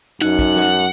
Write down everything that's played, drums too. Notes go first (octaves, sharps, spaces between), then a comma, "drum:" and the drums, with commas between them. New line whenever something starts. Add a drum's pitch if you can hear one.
F#2 D#4 F#5, drum: hi-hat
drum: kick
drum: snare